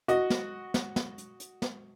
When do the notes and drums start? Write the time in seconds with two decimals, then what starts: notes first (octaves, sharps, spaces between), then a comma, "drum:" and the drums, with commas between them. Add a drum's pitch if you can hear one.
0.08 F#4 D#5, drum: hi-hat
0.30 drum: snare
0.74 drum: snare
0.96 drum: snare
1.18 drum: hi-hat
1.40 drum: hi-hat
1.62 drum: snare